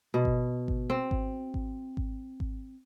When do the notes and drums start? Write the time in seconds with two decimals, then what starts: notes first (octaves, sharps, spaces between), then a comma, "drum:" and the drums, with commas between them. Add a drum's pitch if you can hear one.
0.14 B2
0.25 drum: kick G#1
0.68 drum: kick G#1
0.90 C4
1.11 drum: kick G#1
1.54 drum: kick G#1
1.97 drum: kick G#1
2.40 drum: kick G#1